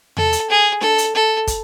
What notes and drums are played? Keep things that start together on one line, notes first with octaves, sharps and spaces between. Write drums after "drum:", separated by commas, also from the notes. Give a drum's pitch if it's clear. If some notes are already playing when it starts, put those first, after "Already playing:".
A4, drum: tom E2
drum: hi-hat
G#4
A4, drum: snare D4
drum: hi-hat
A4
drum: kick, hi-hat